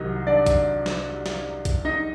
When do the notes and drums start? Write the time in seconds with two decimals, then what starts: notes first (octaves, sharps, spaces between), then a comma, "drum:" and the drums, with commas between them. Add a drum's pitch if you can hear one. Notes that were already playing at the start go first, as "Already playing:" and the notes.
Already playing: C2 C3 D#3 F#3 D#4
0.27 D4 D5
0.46 drum: kick A#1, hi-hat
0.86 drum: snare
1.26 drum: snare
1.65 drum: kick A#1, hi-hat
1.85 D#4 D#5